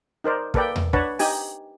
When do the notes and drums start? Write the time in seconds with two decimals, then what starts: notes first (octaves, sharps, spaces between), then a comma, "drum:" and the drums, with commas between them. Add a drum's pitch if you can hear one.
0.24 D#4 A#4 C5 D5
0.54 A#3 A4 B4 D5 G5, drum: kick
0.76 drum: tom E2
0.93 D4 B4 C#5 F#5 A5, drum: kick
1.19 D#4 G4 G#5, drum: open hi-hat